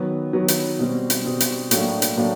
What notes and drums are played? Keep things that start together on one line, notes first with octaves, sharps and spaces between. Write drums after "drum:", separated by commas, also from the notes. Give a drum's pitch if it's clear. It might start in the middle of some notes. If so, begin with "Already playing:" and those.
Already playing: D#3 F#3 B3
D#3 F#3 B3
drum: hi-hat
B2 G3 C4
drum: hi-hat
B2 G3 C4
drum: hi-hat
A2 F#3 A#3 D4, drum: hi-hat
drum: hi-hat
A2 F#3 A#3 D4